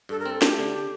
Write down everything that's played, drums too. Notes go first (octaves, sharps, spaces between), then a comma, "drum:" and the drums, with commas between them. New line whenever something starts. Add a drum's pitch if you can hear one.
G2 A4
A#4
C4 A4
A3 G4, drum: snare
D3